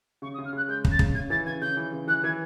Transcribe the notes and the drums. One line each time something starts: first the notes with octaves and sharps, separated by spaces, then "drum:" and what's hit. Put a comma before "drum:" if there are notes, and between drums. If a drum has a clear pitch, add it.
C#3 C#6
D#6
C#3
F6
C#3 F#6
G#3 G6
C#3, drum: kick
A6
C#3, drum: kick
C#3 G#6
E3 A6
C#3 G#6
C#3 G6
E3
C#3
E3 F#6
E3 G#6